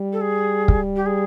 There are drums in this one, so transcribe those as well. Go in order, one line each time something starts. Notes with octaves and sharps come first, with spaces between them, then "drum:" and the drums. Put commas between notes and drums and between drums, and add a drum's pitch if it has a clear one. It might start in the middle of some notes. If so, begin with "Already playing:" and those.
Already playing: G3
A4
G#4
drum: kick
G4
G#4